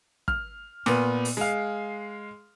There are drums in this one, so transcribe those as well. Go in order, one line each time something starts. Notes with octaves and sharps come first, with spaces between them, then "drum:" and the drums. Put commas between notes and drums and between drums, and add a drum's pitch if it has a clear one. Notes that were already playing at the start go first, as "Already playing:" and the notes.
F6, drum: kick
A#2 B3, drum: snare
drum: open hi-hat
G#3 F5